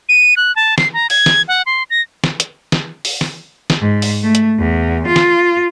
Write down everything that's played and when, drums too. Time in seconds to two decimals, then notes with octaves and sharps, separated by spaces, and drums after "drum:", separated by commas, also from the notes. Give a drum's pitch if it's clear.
0.09 D#7
0.37 F#6
0.56 A5
0.78 C7, drum: snare
0.93 A#5
1.10 G#6, drum: open hi-hat
1.26 drum: snare
1.48 F#5
1.66 C6
1.90 A#6
2.24 drum: snare
2.40 drum: hi-hat
2.72 drum: snare
3.05 drum: open hi-hat
3.21 drum: snare
3.70 drum: snare
3.81 G#2
4.02 drum: open hi-hat
4.23 A3
4.35 drum: hi-hat
4.59 E2
5.07 F4
5.16 drum: snare